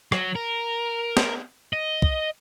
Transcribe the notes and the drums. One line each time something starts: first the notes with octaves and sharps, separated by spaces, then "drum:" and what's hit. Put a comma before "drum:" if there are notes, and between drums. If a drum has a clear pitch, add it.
F#3, drum: rim click
A#4
drum: snare
D#5
drum: kick